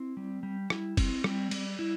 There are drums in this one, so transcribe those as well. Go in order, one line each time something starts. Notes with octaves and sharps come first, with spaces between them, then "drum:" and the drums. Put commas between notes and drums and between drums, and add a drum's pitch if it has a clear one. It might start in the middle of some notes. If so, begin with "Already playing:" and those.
Already playing: C4 E4
G3
G3
E4, drum: rim click
C4, drum: kick, cymbal
G3, drum: rim click
G3, drum: cymbal
E4